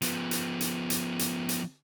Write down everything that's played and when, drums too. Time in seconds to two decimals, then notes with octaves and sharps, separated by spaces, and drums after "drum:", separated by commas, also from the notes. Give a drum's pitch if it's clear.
0.02 F3 B3, drum: hi-hat
0.31 drum: hi-hat
0.60 drum: hi-hat
0.90 drum: hi-hat
1.19 drum: hi-hat
1.49 drum: hi-hat